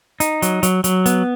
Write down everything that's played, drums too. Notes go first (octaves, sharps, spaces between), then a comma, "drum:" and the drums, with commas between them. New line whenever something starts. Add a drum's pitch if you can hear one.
D#4, drum: hi-hat
F#3, drum: hi-hat
F#3, drum: hi-hat
F#3, drum: hi-hat
B3, drum: hi-hat